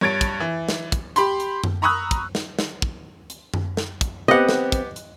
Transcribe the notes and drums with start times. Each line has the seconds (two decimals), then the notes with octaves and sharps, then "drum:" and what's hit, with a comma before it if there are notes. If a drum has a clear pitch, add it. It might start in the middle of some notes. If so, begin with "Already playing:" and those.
0.01 G2 C#5 G#6 A6 D7
0.21 drum: kick, hi-hat
0.40 E3
0.69 drum: snare
0.92 drum: kick, hi-hat
1.16 G4 B5 C6, drum: hi-hat
1.40 drum: hi-hat
1.64 drum: tom F#2
1.82 A#5 B5 C#6 D#6 E6 F#6
2.11 drum: kick, hi-hat
2.35 drum: snare
2.59 drum: snare
2.82 drum: kick
3.30 drum: hi-hat
3.54 drum: tom F#2
3.77 drum: snare
4.01 drum: kick, hi-hat
4.28 B3 C4 G4 D#5 F#5
4.49 drum: snare
4.72 drum: kick, hi-hat
4.96 drum: hi-hat